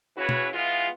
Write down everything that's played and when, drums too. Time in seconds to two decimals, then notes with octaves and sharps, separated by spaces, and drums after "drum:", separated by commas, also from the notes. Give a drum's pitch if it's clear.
0.17 C#3 E3 E4 F#4 B4 C#5
0.29 drum: tom
0.53 E3 G#3 B3 F4